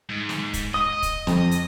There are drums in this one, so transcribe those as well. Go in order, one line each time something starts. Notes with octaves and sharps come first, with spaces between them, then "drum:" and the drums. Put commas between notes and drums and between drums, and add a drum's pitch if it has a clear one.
G#2
drum: snare
drum: kick, hi-hat
D#5 D#6
drum: kick, hi-hat
F2, drum: snare
drum: hi-hat